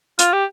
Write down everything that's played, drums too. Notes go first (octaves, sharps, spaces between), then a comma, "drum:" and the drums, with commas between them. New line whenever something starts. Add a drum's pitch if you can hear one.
F4, drum: hi-hat
G4